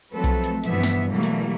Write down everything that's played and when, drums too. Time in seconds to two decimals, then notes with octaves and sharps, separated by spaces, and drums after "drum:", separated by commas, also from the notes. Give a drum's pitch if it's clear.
0.13 F3 F#3 A3 C4 A4 B4
0.24 drum: kick B1, hi-hat
0.44 drum: hi-hat
0.64 G2 B2 E3 F3 B3 E5, drum: hi-hat
0.83 drum: snare
1.10 B2 E3 F#3 G3 A3 A#3
1.23 drum: hi-hat